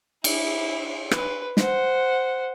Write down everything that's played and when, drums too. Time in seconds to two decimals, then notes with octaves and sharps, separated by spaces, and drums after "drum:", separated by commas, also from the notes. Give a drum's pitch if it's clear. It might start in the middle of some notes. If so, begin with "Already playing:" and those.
0.24 E4, drum: cymbal
1.11 B4, drum: rim click
1.57 C5 F#5, drum: snare